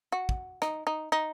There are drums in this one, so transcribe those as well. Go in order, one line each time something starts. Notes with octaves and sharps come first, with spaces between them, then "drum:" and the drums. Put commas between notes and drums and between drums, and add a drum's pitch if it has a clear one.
F#4
drum: kick
D#4, drum: rim click
D#4
D#4